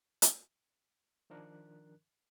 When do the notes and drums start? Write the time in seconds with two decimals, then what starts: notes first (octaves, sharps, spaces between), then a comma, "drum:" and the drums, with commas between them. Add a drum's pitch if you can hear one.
0.22 drum: hi-hat
1.30 D#3 F3 D4 A#4 F#6